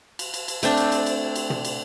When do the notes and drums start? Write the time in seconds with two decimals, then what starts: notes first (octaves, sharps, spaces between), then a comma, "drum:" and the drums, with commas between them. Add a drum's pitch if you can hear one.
0.19 drum: cymbal
0.34 drum: cymbal
0.48 drum: cymbal
0.63 A3 C4 D4, drum: cymbal
0.77 drum: cymbal
0.92 drum: cymbal
1.06 drum: cymbal
1.35 drum: cymbal
1.50 drum: tom
1.65 drum: cymbal